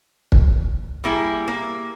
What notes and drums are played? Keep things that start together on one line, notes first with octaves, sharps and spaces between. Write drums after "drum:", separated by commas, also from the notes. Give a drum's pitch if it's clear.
drum: kick
G3 A#3 E4 G#4
A#3